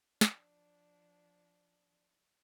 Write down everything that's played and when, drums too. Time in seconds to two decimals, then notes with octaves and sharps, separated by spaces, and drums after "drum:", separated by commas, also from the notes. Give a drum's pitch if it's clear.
0.21 F3 D4, drum: snare